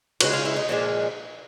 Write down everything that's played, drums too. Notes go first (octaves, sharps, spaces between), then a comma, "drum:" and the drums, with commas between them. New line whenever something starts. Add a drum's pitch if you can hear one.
C#3 F3 G#3 F#4, drum: cymbal
F4
E4
D#4
A#2 F3 G#3 D4